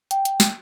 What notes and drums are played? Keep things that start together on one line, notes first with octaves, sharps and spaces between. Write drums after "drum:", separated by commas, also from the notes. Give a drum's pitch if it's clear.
G5, drum: hi-hat
drum: hi-hat
drum: snare